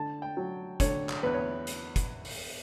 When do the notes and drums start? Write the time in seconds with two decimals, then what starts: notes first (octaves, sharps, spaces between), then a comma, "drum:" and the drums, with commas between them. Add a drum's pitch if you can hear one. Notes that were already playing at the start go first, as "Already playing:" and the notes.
Already playing: D3 A5
0.22 G5
0.37 F#3
0.80 D3 C#5, drum: kick, hi-hat
1.09 drum: clap
1.23 E2 B4
1.34 C#5
1.67 drum: hi-hat
1.96 drum: kick, hi-hat
2.25 drum: open hi-hat